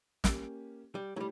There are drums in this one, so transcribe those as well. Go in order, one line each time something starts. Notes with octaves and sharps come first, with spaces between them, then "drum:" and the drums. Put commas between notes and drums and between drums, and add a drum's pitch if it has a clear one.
A#3 C#4 G4, drum: snare
G3
F#3 G3 A3 E4 G4